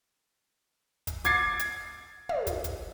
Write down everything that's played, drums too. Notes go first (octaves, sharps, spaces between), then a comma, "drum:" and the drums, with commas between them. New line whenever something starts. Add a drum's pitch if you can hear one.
drum: kick, hi-hat
D6 G#6 A6 C7, drum: kick, hi-hat
drum: hi-hat
drum: tom
drum: kick, hi-hat
drum: kick, hi-hat